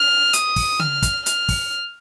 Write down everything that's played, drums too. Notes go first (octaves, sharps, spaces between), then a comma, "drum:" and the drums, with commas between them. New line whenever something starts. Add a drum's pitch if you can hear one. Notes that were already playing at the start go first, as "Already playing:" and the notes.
Already playing: F6
D#6, drum: hi-hat
drum: kick, open hi-hat
F6, drum: tom C#3
drum: kick, hi-hat
F6, drum: hi-hat
drum: kick, open hi-hat